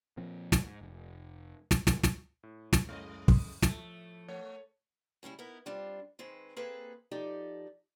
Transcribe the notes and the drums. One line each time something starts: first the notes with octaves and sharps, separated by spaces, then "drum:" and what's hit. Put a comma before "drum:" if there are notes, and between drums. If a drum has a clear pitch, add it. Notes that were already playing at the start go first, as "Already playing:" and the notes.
A#2 F3 C4
drum: snare
G#2
F1
drum: snare
C3 D#3 F#3 G#3, drum: snare
drum: snare
A2
drum: snare
C#2 F#2 C#3 G#3 D#5
drum: kick
F3 A3 E5, drum: snare
A3 C#5
A2 C#3 G3 E4
B3 D#4 E4 A#4
G3 C4 D4 F4
D#3 G#3 C4 B4
A#3 C4 G#4 A4 B4
F3 D#4 G4 A4 D5